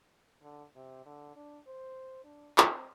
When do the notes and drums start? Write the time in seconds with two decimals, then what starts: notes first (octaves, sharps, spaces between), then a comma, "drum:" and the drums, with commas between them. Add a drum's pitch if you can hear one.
0.42 D3
0.76 C3
1.06 D3
1.36 D4
1.67 C5
2.24 D4
2.58 C4, drum: clap